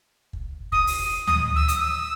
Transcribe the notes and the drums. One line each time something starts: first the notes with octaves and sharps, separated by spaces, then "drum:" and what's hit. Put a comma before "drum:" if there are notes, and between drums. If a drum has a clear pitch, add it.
drum: kick
D#6, drum: kick
drum: open hi-hat
D#6, drum: tom D2
E6
D#6, drum: hi-hat
E6